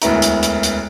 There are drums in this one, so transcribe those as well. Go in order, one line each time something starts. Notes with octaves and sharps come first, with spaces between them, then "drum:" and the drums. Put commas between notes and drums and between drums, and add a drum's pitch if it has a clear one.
E1 D2 B3 E4 A#5, drum: hi-hat
drum: hi-hat
drum: hi-hat
drum: hi-hat